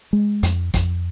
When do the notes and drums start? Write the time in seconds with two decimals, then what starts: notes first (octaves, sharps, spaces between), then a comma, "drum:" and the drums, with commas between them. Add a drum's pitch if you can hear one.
0.13 G#3
0.43 F2, drum: hi-hat
0.74 F2, drum: kick, hi-hat